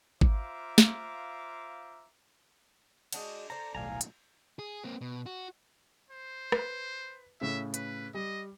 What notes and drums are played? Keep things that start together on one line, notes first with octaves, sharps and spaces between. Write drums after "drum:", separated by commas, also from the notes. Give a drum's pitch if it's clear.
F4 C5 E5 F5 A#5 D6, drum: kick G#1
drum: snare
G#3 D4 F#4, drum: cymbal
A4 C5 D5 A#5
D#1 B1 A2 F5 G#5 A#5
drum: hi-hat
G#4
A#3 C4
B2
F#4
C5
B4, drum: rim click
A2 C#3 E5
B4, drum: hi-hat
G3 D#5